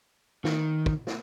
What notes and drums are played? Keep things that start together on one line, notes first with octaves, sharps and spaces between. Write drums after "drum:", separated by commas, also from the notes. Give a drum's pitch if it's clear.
D#3, drum: snare
drum: kick
drum: snare